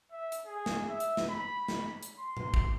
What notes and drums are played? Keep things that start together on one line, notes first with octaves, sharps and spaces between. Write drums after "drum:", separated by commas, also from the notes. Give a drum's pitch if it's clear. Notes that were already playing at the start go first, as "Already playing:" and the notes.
E5
drum: hi-hat
G#4
drum: snare
E5
drum: hi-hat
drum: snare
B5
drum: snare
drum: hi-hat
C6
drum: tom A#2
drum: kick